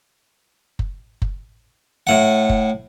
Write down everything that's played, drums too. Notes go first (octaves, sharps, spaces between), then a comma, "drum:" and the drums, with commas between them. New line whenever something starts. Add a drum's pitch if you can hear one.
drum: kick F#1
drum: kick F#1
A2 F#5
drum: kick F#1